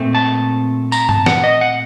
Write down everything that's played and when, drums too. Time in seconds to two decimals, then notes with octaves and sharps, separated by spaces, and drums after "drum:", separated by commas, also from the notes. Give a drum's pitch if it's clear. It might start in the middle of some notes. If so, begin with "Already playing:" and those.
Already playing: A#2 A3 C4
0.15 A5
0.92 A#5, drum: tambourine
1.09 A5, drum: tom G2
1.26 F#5, drum: snare
1.44 D#5
1.61 F#5